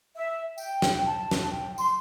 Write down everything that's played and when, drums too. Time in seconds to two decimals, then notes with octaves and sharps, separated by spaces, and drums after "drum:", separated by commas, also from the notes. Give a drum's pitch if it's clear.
0.14 E5
0.58 G5, drum: tambourine
0.82 drum: snare
1.05 A5
1.31 drum: snare
1.52 G5
1.78 C6, drum: tambourine